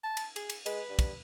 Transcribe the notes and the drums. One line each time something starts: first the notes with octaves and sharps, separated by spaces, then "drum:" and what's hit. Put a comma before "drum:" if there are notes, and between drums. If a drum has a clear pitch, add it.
A5
drum: cymbal
G#4, drum: cymbal
drum: cymbal
G#3 B4, drum: cymbal
G2
drum: kick, cymbal